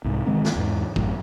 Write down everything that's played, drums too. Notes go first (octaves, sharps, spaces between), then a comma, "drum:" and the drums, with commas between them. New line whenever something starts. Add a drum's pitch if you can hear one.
C2 G#2
D#3 E3 G#3 C4
drum: snare
E2 G#2
A1 F#2 A2, drum: kick